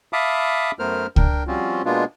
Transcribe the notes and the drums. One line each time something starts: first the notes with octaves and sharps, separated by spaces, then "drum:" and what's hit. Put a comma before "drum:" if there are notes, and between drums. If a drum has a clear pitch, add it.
E5 F5 A5 B5 D6 D#6
F#2 A3 B3 A#4 C5 F6
D4 A#4 G5, drum: kick C#2
F3 G3 C4 C#4 F4 F#4
B2 G#3 A#3 B3 D4 F4